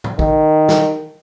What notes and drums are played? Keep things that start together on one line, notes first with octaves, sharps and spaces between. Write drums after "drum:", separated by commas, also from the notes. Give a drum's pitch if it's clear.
drum: tom A2
D#3, drum: kick
drum: snare